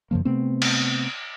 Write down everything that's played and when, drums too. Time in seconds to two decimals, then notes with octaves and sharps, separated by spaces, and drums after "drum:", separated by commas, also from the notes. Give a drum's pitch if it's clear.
0.11 F#2 C#3 F3 A#3
0.25 C3 A3 B3 C4
0.62 drum: cymbal